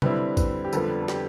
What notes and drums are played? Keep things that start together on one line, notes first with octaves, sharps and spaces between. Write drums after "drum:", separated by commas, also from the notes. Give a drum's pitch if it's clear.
D3 G3 C4 E4 B4, drum: tom C3
B4, drum: kick, tambourine
G4
F2 D3 G3 B3 A4, drum: tambourine
A4
G4, drum: snare